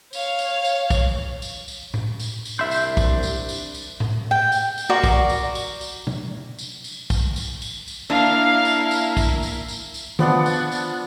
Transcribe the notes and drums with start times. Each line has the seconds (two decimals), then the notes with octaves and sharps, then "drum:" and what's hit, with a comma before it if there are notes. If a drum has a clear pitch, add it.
0.13 C#5 F5, drum: tambourine
0.39 drum: tambourine
0.65 drum: tambourine
0.90 drum: kick, tambourine
1.42 drum: tambourine
1.68 drum: tambourine
1.94 drum: tom A2
2.20 drum: tambourine
2.45 drum: tambourine
2.59 C2 D4 E5 B5 C6 G6
2.71 drum: tambourine
2.97 drum: kick, tambourine
3.23 drum: tambourine
3.49 drum: tambourine
3.74 drum: tambourine
4.00 drum: tom A2
4.31 G5
4.52 drum: tambourine
4.78 drum: tambourine
4.90 F#4 A#4 D5 C6
5.04 drum: kick, tambourine
5.29 drum: tambourine
5.55 drum: tambourine
5.81 drum: tambourine
6.07 drum: tom
6.59 drum: tambourine
6.84 drum: tambourine
7.10 drum: kick, tambourine
7.36 drum: tambourine
7.62 drum: tambourine
7.88 drum: tambourine
8.10 A#3 D4 E4 F5
8.65 drum: tambourine
8.91 drum: tambourine
9.17 drum: kick, tambourine
9.43 drum: tambourine
9.68 drum: tambourine
9.94 drum: tambourine
10.19 F3 B3 D4 F#5, drum: tom D#3
10.46 drum: tambourine
10.72 drum: tambourine